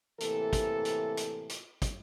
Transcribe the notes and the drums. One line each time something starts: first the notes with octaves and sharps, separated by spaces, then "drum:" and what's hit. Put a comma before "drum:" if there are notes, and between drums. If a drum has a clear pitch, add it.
A2 C3 E3 A#3 A4, drum: hi-hat
drum: kick, hi-hat
drum: hi-hat
drum: hi-hat
drum: hi-hat
drum: kick, hi-hat